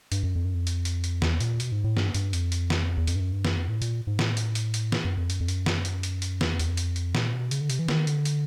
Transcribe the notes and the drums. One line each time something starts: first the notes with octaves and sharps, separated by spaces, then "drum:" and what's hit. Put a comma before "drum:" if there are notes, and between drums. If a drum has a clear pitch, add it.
G2, drum: hi-hat
F#2
F2
F#2
F2
drum: hi-hat
drum: hi-hat
drum: hi-hat
E2, drum: snare
A#2, drum: hi-hat
B2, drum: hi-hat
G#2
A2
G2, drum: snare
G2, drum: hi-hat
F2, drum: hi-hat
drum: hi-hat
drum: snare
E2
F2, drum: hi-hat
G2
F#2
G2
F#2, drum: snare
F2
A2
A#2, drum: hi-hat
G#2
A2, drum: snare
drum: hi-hat
drum: hi-hat
drum: hi-hat
drum: snare
F#2
F2
F#2, drum: hi-hat
F2
F#2, drum: hi-hat
drum: snare
drum: hi-hat
drum: hi-hat
drum: hi-hat
E2, drum: snare
F2
E2, drum: hi-hat
F2
drum: hi-hat
drum: hi-hat
A#2, drum: snare
B2
C#3, drum: hi-hat
D3
C3, drum: hi-hat
E3
D#3, drum: snare
D3, drum: hi-hat
drum: hi-hat